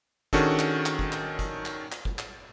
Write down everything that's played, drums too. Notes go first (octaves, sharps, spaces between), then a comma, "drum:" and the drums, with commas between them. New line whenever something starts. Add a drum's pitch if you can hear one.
D#3 C#4 D4 F#4 G#4 A4, drum: kick, hi-hat
drum: clap
drum: clap
drum: kick
drum: clap
drum: kick, hi-hat
drum: clap
drum: clap
drum: kick
drum: clap